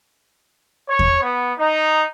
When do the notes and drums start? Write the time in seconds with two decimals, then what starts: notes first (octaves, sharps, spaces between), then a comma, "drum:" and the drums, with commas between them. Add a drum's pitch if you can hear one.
0.89 C#5
0.99 drum: kick E2
1.22 B3
1.58 D#4